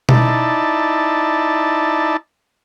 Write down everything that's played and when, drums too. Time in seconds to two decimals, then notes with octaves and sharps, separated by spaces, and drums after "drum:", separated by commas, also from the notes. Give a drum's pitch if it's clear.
0.09 D#4 E4 D5 A5, drum: tom B2